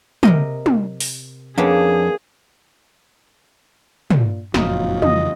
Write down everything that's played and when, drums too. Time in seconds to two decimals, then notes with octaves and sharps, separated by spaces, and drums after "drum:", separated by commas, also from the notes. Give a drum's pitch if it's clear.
0.23 C3 A#4 D#5, drum: tom
0.66 drum: tom
1.00 drum: open hi-hat
1.58 F2 A#3 B3 C#4 D4 G#4
4.10 A#2, drum: tom
4.54 F#1 F2 A#2 F#3 D#4 F4, drum: snare
5.02 F2 C#3 E3 D#5, drum: tom